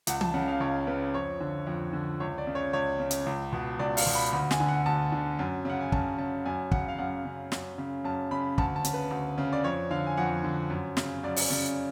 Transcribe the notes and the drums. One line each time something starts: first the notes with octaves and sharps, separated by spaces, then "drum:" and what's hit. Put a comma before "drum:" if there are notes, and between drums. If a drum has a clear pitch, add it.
C#2 F#5, drum: hi-hat
A5, drum: tom E3
C#3 F#5
F5
C#2 C#5
C#3 B4
F2 C#5
D3
F2
D3
C#2 C#5
D5
C#3
C#5
C#2 C#5
C#3
drum: hi-hat
C#2
B2
C#2 D5
F5, drum: open hi-hat
B2
B5
D2 B5
G#5, drum: snare
D3
F#5
D2 A5
D3
F#2
C#3 F#5
G#5
F#2 A5, drum: kick
C#3 A5
F#2 G#5
C#3 F#5, drum: kick
F5
F#2 F#5
C#3
F#2, drum: snare
C#3
F#2 A5
C#3 B5
D2 A5, drum: kick
A5
C#3, drum: hi-hat
B4
D2
C#3
D5
F2 C#5
D3 F5
G#5
F2 F#5
D3
F#2
C#3, drum: snare
F#2 D5
drum: open hi-hat
C#3 D5